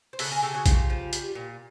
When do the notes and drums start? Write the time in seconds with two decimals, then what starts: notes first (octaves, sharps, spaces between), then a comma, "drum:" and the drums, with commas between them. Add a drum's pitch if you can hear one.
0.13 C5
0.19 C#3 A4 B4, drum: open hi-hat
0.31 G#4 A#4
0.42 C#3 G4 A4
0.54 F#4 G#4
0.66 C#3 F4 G4, drum: kick, hi-hat
0.90 F3
1.13 G3, drum: hi-hat
1.35 A#2